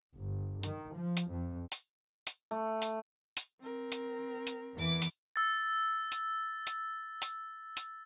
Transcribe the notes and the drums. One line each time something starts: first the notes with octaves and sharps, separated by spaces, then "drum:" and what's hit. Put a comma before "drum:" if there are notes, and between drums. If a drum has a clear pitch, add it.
G1
D#3, drum: hi-hat
F3
drum: hi-hat
F2
drum: hi-hat
drum: hi-hat
A3
drum: hi-hat
drum: hi-hat
C4 A#4
drum: hi-hat
drum: hi-hat
E2 E3 D6
drum: hi-hat
E6 A6
drum: hi-hat
drum: hi-hat
drum: hi-hat
drum: hi-hat